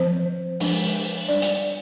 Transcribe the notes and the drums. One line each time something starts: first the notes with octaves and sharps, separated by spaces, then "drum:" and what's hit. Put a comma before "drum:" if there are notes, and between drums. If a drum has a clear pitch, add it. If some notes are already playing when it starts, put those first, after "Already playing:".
Already playing: F3 C4 C5
F3 G#3 D4, drum: open hi-hat
G3 D4 D5
drum: hi-hat